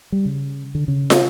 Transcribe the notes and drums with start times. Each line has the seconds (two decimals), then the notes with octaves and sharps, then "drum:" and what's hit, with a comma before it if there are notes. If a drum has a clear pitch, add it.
0.12 G3
0.25 C#3
0.75 D3
0.88 C#3
1.10 drum: snare